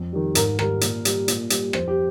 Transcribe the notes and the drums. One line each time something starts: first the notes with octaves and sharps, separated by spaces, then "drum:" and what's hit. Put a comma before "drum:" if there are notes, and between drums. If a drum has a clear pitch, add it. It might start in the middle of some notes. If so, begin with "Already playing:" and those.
Already playing: F2
D#3 G3
G#2 A#4, drum: hi-hat
D#3 G3 A#4, drum: rim click
A#2, drum: hi-hat
G3, drum: hi-hat
A#2, drum: hi-hat
G3, drum: hi-hat
F2 C5, drum: rim click
G4